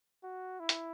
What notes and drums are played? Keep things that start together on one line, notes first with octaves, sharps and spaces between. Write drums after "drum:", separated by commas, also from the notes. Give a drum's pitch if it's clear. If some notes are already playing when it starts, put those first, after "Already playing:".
F#4
E4
drum: hi-hat